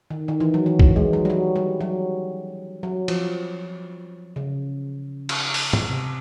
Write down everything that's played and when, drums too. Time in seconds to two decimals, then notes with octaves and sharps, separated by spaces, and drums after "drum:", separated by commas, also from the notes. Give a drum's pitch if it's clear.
0.10 D#3
0.28 D#3
0.40 E3
0.54 F#3
0.66 E3
0.79 E3, drum: kick
0.96 G#3
1.13 F#3
1.25 G3
1.30 F#3
1.56 G3
1.81 F#3
2.83 F#3
3.08 F3, drum: cymbal
4.36 C#3
5.29 drum: cymbal
5.54 drum: open hi-hat
5.73 drum: tom G#2
5.89 C3